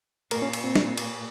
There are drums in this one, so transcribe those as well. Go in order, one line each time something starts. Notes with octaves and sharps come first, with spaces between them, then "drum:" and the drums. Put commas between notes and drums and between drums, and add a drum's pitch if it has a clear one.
A#2 A#4, drum: cymbal
C#4
drum: cymbal
C4
drum: snare
drum: cymbal